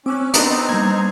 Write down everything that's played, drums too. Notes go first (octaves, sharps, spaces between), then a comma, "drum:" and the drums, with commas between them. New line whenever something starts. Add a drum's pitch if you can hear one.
C4 C#4 D6 E6 F#6
B3 C4 D4 D#4 A#5 D#6 E6 A6, drum: hi-hat
G3 A#3 G#6